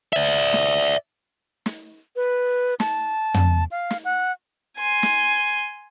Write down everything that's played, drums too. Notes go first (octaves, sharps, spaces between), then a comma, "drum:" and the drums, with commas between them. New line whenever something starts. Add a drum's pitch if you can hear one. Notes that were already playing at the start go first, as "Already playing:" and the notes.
D5 E5
drum: snare
drum: snare
B4
A5, drum: snare
drum: tom
F5
drum: snare
F#5
G#5 C6
drum: snare